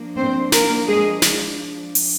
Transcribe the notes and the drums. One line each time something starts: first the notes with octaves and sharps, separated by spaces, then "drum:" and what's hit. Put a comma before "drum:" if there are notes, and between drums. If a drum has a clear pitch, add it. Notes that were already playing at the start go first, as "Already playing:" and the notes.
Already playing: F3 A#3 D4
C4 C5
A#3 A#4, drum: snare
G#3 G#4
drum: snare
drum: open hi-hat